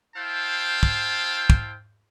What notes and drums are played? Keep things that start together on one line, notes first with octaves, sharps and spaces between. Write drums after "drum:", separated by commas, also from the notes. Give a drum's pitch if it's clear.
E4 C5 F5 G5 A5
drum: kick
drum: kick